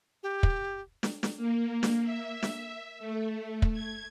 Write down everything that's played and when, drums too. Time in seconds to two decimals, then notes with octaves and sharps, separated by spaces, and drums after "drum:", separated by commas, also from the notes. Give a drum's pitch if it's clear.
0.23 G4
0.43 drum: kick
1.03 drum: snare
1.23 drum: snare
1.37 A#3
1.83 drum: snare
2.03 E5
2.43 drum: snare
2.99 A3
3.62 drum: kick
3.73 G#6